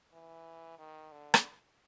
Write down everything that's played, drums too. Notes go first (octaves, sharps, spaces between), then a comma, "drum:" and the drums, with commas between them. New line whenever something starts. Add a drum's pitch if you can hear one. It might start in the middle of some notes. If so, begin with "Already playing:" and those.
E3
D#3
D3
drum: rim click